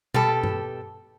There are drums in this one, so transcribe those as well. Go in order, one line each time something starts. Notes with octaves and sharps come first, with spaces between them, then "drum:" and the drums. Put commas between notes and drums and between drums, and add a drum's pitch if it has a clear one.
B2 G4 A4, drum: tom B2
drum: tom G2